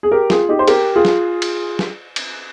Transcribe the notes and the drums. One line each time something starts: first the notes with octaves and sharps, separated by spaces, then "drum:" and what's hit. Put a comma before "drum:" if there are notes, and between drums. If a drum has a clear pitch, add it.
G#4
G4 A#4
F4 G#4, drum: snare
D#4 G4
C5
G4 A#4, drum: cymbal
F4 G#4
drum: snare
drum: cymbal
drum: snare
drum: cymbal